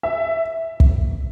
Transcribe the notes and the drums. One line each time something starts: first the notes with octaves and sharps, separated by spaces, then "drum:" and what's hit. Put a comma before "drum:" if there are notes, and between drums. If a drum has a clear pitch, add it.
E5
drum: kick